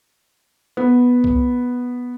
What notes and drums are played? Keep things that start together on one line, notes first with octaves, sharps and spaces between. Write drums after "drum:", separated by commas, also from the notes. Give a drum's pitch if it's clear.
B3
drum: kick C2